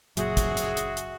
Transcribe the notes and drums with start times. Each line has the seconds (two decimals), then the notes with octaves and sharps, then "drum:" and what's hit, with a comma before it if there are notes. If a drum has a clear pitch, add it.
0.17 F#1 A#2 F#3 G#3 C#4 F#4 G#4 E5, drum: hi-hat
0.37 drum: kick, hi-hat
0.57 drum: hi-hat
0.77 drum: hi-hat
0.97 drum: hi-hat